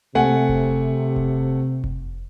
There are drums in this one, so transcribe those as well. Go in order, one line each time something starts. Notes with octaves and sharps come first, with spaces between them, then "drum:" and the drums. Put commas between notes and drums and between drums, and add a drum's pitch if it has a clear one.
C3 A3 F#5 G#5
drum: kick F1
drum: kick F1
drum: kick F1